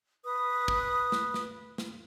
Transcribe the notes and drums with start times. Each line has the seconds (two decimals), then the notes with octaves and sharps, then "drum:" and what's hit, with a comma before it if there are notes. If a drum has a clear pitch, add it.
0.24 B4 D#6
0.68 drum: kick
1.12 drum: snare
1.34 drum: snare
1.78 drum: snare